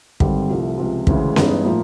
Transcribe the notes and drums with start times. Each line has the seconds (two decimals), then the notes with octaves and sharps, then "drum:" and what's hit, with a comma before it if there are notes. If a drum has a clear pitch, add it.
0.20 G#1 G2 D3 G3 C4, drum: kick
0.50 C2 C3 F3 A3
0.78 C#2 C3 F3
1.07 D2 C#3 E3 G#3, drum: kick
1.36 G2 E3 G#3 B3 D#4, drum: snare C#4
1.65 A2 F3 A#3